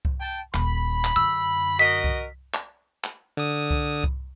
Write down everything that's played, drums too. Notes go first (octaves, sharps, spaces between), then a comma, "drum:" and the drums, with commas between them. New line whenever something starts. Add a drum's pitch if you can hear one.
drum: kick C2
G5 A5
D#1 B5, drum: clap
drum: clap
F#2 D3 E6
F#4 A#4 D#5 B6
drum: kick C2
drum: clap
drum: clap
D3 D#6
drum: kick C2
drum: kick C2